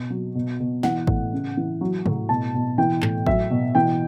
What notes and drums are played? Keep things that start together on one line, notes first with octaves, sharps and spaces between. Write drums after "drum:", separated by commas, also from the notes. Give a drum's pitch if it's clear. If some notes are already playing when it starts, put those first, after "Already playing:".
Already playing: B2
F#3
B2
B2
E3 F#5, drum: snare
A2, drum: kick G#1
C#3
E3
F#3
A2, drum: tom C3
B2 A5
B2
E3 G5
A2, drum: clap
F#3 E5, drum: kick G#1
B2
E3 G5